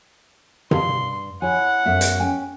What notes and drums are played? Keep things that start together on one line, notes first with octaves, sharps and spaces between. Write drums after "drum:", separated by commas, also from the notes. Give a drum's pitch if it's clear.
G2 F5 C6, drum: tom C3
E4 C#5 F#5 G#5
F#2 B3 E5
drum: hi-hat
C#4 G5 G#5